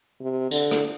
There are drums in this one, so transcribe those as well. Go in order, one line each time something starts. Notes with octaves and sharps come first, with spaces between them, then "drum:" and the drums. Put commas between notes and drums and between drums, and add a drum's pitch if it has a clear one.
C3
D3, drum: tambourine
drum: rim click